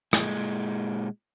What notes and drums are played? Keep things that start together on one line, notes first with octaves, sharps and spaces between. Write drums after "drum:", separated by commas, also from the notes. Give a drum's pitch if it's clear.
A#2 G#3, drum: rim click